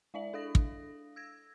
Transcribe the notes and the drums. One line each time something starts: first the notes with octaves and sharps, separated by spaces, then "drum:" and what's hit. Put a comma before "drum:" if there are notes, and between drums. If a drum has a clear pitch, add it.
G#3 E4 D5 E5 F#7
D4 A4 F5 D#6 A#6
drum: kick
E6 G#6 A#6